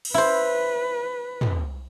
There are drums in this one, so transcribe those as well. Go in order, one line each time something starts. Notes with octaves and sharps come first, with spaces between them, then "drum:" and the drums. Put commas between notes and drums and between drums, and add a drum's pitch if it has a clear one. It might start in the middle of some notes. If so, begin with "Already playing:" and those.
drum: cymbal
E4 B4 C5
drum: tom